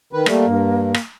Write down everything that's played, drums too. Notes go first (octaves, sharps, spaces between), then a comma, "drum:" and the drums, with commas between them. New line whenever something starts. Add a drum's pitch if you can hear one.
D#3 B4
G3 A3 A#3, drum: rim click
G2
drum: rim click